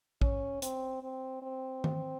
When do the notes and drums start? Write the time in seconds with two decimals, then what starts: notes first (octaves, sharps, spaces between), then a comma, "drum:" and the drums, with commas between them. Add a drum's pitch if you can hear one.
0.21 C#4, drum: kick
0.62 C4, drum: hi-hat
1.03 C4
1.42 C4
1.84 drum: tom D#3